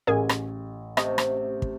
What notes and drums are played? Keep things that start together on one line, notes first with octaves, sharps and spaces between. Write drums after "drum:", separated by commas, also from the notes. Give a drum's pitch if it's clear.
A1 G#4 A#4 G#5
drum: rim click
C3 A3 D#5, drum: rim click
drum: rim click
drum: kick